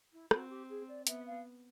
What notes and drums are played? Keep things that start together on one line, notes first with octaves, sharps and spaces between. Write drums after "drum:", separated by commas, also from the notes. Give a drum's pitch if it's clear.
E4
C4 F#4, drum: rim click
G4
G#4
D5
B3 E5, drum: hi-hat
F5